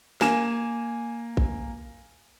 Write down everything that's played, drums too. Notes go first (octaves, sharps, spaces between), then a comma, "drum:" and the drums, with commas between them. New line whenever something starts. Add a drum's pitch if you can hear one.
A#3 G#5 E7, drum: snare
drum: kick A1